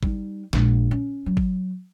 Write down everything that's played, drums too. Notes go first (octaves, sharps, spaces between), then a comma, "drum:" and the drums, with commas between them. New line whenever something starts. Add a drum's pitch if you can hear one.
G3 D#4, drum: kick
A#1 G#3, drum: snare
C#4
F#3
drum: kick